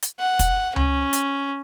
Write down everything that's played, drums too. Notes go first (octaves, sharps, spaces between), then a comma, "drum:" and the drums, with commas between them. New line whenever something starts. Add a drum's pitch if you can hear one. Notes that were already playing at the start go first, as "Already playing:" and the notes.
drum: hi-hat
F#5
drum: kick, hi-hat
C#4, drum: tom C#2
drum: hi-hat